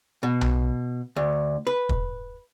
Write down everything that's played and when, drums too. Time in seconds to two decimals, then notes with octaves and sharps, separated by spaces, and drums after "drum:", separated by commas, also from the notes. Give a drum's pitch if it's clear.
0.23 B2
0.41 drum: tom B1
1.16 D2
1.67 B4
1.89 drum: kick